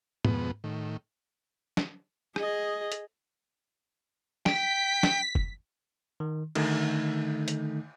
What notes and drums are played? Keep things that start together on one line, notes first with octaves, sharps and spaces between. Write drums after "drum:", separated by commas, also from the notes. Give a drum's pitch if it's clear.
F2 G#2 B2 B3, drum: tom G#2
A2 D#3
drum: snare
G#4 D#5, drum: rim click
drum: hi-hat
G5 B6, drum: snare
drum: snare
drum: kick
D#3
D3 D#3 A3 D#4, drum: cymbal
drum: hi-hat